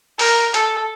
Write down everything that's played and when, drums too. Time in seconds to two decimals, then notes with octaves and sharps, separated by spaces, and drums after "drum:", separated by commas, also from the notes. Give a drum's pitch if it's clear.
0.19 A#4, drum: open hi-hat
0.54 A4, drum: hi-hat